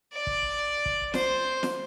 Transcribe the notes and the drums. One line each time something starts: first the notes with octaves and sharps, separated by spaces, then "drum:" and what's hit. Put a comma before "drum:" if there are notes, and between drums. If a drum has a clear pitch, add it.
D5
drum: kick
drum: kick
C5, drum: snare
drum: snare